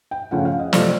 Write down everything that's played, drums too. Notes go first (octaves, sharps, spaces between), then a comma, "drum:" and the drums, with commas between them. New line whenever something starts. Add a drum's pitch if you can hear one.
G5
C#3 F3 A3 C#4 F#5
F5
D#5
C3 F3 A3 C4 D5, drum: snare